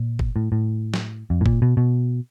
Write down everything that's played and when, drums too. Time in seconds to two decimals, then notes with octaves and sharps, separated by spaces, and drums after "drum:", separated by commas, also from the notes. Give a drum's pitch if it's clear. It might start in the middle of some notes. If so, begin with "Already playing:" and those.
Already playing: A#2
0.19 drum: kick F#1
0.36 A2
0.52 A2
0.94 drum: snare
1.30 F2
1.41 A2
1.46 A#2, drum: kick F#1
1.62 B2
1.77 B2